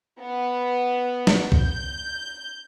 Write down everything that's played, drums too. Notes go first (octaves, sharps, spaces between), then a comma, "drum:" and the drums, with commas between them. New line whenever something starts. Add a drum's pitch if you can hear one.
B3
drum: snare
G6, drum: kick